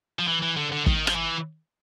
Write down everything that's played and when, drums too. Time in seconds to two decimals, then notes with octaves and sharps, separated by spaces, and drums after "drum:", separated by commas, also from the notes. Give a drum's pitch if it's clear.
0.19 F3
0.27 E3
0.42 E3
0.57 D3
0.72 D3
0.86 D#3, drum: kick
1.07 F3, drum: rim click
1.16 E3